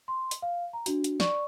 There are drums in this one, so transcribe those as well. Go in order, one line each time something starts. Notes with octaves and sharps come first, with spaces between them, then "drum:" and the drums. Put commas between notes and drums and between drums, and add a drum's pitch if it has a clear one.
C6
drum: hi-hat
F5
A#5
D4 F#4, drum: hi-hat
drum: hi-hat
D5 C#6, drum: snare